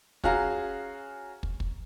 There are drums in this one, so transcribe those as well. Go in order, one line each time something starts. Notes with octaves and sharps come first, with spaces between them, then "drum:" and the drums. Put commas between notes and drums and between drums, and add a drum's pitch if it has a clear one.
C#4 F#4 G#4 F5 A#5, drum: kick
drum: kick
drum: kick